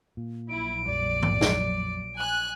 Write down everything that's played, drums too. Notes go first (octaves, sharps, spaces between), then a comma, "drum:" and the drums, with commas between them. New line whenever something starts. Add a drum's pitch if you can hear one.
A#2
A#1 F#3 E4 D7
F2 G3 D5
drum: tom G#2
drum: snare
G#5 F#6